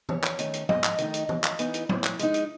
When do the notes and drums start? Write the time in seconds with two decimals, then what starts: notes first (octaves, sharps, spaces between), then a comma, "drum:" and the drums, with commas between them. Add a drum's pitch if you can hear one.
0.09 E2 C#5, drum: tom
0.24 drum: clap
0.39 D#3 A3 C#4, drum: hi-hat
0.54 drum: hi-hat
0.69 G#2 D#5, drum: tom F3
0.84 drum: clap
0.98 D#3 A3 D#4, drum: hi-hat
1.14 drum: hi-hat
1.29 F#2, drum: tom
1.44 drum: clap
1.59 E3 B3 D#4, drum: hi-hat
1.74 drum: hi-hat
1.89 A2, drum: tom F3
2.04 drum: clap
2.19 G#3 D#4, drum: hi-hat
2.34 drum: hi-hat